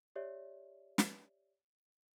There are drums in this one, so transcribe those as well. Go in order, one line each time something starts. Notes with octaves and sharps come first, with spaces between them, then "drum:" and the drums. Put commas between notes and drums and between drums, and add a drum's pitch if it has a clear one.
G4 C#5 D5 E5
drum: snare